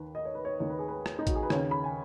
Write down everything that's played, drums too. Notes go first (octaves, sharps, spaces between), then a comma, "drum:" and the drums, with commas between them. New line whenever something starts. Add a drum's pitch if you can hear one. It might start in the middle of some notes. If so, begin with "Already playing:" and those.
Already playing: D#2 D#3 B4
D#5
C#5
B4
C#5
D#2 D#3 C#5
B4
G#4
B4
drum: rim click
D#4
F#4, drum: kick A1, hi-hat
G#4
B4
D#2 C#3 C#5, drum: rim click
B5
G#5